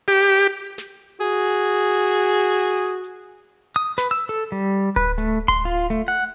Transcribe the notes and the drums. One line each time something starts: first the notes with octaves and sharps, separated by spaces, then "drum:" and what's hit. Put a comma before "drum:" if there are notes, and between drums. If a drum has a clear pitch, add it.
G4
drum: snare
F#4 G#4
drum: hi-hat
D#6
B4, drum: snare
E6, drum: hi-hat
A4, drum: hi-hat
G3
B4, drum: kick D1
A3, drum: hi-hat
C6, drum: kick D1
F4
A3, drum: hi-hat
F#5